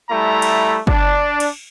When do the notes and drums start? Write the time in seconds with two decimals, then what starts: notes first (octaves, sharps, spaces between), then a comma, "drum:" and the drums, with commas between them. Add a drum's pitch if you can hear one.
0.10 G3 A3 E4 A#5
0.42 drum: cymbal
0.87 D4, drum: kick G1
1.40 drum: cymbal